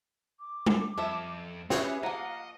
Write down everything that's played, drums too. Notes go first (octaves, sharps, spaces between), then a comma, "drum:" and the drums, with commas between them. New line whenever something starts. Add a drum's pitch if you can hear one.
D6
drum: tom G3
F2 F3 A4 E5
G3 C#4 G4 G#4 B4 C#5 E5, drum: snare
F3 A#3 D#5 F5 F#5 A#5